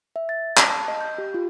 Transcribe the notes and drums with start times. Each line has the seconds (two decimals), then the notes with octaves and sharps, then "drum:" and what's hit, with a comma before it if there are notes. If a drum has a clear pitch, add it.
0.16 E5
0.29 A6
0.57 A5, drum: clap
0.69 A5
0.88 D#5
1.01 G6
1.18 G4
1.34 F4